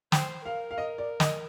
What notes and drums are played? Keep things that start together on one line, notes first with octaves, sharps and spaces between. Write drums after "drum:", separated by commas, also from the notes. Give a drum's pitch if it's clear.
C5 G5, drum: snare
A#4 F5
F5
D#5
D5
D#5, drum: snare